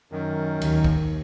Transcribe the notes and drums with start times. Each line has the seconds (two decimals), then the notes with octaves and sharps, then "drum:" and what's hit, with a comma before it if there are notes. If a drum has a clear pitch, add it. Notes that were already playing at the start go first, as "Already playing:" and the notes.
0.12 F#2 D#3
0.61 D#2, drum: cymbal
0.84 drum: kick